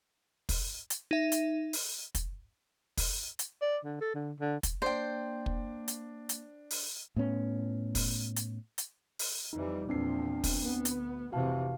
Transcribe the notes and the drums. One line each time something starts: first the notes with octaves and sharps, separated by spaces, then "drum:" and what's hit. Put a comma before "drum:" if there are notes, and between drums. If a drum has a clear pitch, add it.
drum: kick, open hi-hat
drum: hi-hat
D#4 E5
drum: hi-hat
drum: open hi-hat
drum: kick, hi-hat
drum: kick, open hi-hat
drum: hi-hat
D5
D3
A4
D3
D3
drum: kick, hi-hat
A#3 D4 C5 G5
drum: kick
drum: hi-hat
drum: hi-hat
drum: open hi-hat
A2 B3 C#4
drum: kick, open hi-hat
drum: hi-hat
drum: hi-hat
drum: open hi-hat
F2 E3 G3 D#4
E2 A#2 F3 C4 D4 C7
drum: kick, open hi-hat
D2 B3
drum: hi-hat
F1 C3 E3 F#4 F5 A5